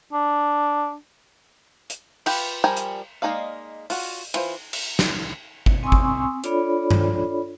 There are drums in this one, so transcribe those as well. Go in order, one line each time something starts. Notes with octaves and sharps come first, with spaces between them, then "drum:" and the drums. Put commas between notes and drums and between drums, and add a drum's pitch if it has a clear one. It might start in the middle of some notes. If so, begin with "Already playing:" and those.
D4
drum: hi-hat
F4 G4 B4, drum: cymbal
F3 G3 A#4 G5 G#5
drum: hi-hat
G#3 A#3 D#4 D5 F5
F4 F#4, drum: open hi-hat
E3 F4 C5, drum: cymbal
drum: cymbal
drum: snare
drum: kick G#1
C4 G#5 C6 C#6 D#6 E6
drum: kick G#1
D4 F4 A4 C#5 D5 B5, drum: hi-hat
drum: tom G2